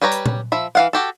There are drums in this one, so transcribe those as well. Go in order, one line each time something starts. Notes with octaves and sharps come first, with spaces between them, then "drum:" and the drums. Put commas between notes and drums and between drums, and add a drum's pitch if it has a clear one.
G3 G4 B4 C#5 A#5
drum: hi-hat
drum: tom
F3 E5 B5
E3 F5 F#5
F#4 G4 A4